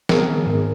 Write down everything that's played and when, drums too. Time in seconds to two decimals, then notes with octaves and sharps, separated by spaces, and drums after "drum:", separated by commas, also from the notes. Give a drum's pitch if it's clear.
0.09 B3 G#4 A#4, drum: snare
0.28 D#3
0.46 G#2